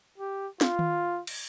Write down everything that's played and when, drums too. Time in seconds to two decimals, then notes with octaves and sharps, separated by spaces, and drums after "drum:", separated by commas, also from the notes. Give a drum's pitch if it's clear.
0.18 G4
0.61 F4, drum: snare
0.79 drum: tom D#3
1.27 drum: cymbal